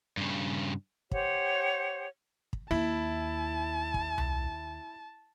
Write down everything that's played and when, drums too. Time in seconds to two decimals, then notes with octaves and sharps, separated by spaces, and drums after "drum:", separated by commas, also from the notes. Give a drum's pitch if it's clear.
0.17 G2 C#3
1.11 G4 C5 C#5 F#5, drum: kick
2.53 drum: kick
2.71 D#2 E4 A5
3.94 drum: kick
4.18 drum: tom C2